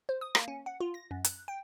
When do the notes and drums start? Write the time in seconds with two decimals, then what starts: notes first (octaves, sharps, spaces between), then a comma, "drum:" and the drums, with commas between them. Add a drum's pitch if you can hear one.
0.09 C5
0.21 D#6
0.35 A#3, drum: rim click
0.48 C#4
0.66 F#5
0.80 F4
0.94 A#6
1.11 F#2
1.24 F#6, drum: hi-hat
1.48 G5